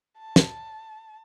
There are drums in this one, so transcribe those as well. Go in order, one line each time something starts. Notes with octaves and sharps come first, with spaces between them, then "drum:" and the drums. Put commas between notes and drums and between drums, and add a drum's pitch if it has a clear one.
A5
drum: snare